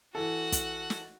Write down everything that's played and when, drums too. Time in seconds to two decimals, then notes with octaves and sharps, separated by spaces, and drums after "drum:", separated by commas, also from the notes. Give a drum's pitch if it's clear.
0.15 E3 F#4 A4 F#5
0.52 drum: kick, hi-hat
0.90 drum: snare